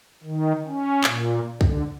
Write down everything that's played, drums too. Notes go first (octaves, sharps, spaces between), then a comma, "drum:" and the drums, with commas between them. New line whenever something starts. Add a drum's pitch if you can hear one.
D#3
C#4
A#2, drum: clap
D3, drum: kick